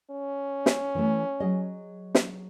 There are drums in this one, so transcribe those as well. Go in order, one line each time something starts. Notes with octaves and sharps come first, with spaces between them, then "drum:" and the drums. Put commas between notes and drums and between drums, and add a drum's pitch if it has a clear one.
C#4
drum: snare
E3 A3
F#3 G#4 D#5
drum: snare